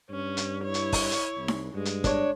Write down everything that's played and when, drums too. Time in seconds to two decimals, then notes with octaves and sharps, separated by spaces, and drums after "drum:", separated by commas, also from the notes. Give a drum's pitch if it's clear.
0.10 G2 C#4
0.37 drum: hi-hat
0.64 E4 C#5
0.74 drum: hi-hat
0.93 drum: kick, open hi-hat
1.11 drum: hi-hat
1.37 C2
1.48 drum: snare D#4
1.74 G2 G#3
1.85 drum: hi-hat
2.04 D4 C#5, drum: kick, hi-hat